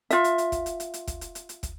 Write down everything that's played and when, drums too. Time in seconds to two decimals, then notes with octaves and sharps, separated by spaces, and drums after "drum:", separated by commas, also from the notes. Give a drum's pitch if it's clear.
0.10 F4 E5, drum: hi-hat
0.24 drum: hi-hat
0.38 drum: hi-hat
0.52 drum: kick, hi-hat
0.66 drum: hi-hat
0.80 drum: hi-hat
0.94 drum: hi-hat
1.07 drum: kick, hi-hat
1.21 drum: hi-hat
1.35 drum: hi-hat
1.49 drum: hi-hat
1.63 drum: kick, hi-hat